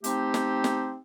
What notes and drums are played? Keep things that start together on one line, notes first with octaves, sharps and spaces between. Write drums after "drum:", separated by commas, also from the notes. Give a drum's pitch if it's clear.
A3 C4 D#4 G4, drum: hi-hat
drum: snare
drum: snare